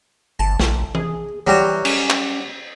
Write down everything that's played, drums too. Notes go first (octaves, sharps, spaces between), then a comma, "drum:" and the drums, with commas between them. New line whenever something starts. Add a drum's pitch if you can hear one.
G1 A5
A#1, drum: snare
G#4, drum: tom E3
E3 F#3 G3 F#4
C#4, drum: cymbal
drum: clap